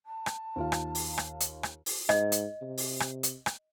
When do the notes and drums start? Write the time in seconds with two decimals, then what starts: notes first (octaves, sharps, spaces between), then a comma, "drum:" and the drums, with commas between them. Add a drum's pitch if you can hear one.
0.05 A5
0.26 drum: rim click
0.56 D#2 F4 F5
0.72 drum: rim click
0.95 drum: open hi-hat
1.18 drum: rim click
1.40 drum: hi-hat
1.63 drum: rim click
1.86 drum: open hi-hat
2.09 G#2 D#5, drum: rim click
2.32 drum: hi-hat
2.62 C3
2.77 drum: open hi-hat
3.00 drum: rim click
3.23 drum: hi-hat
3.46 drum: rim click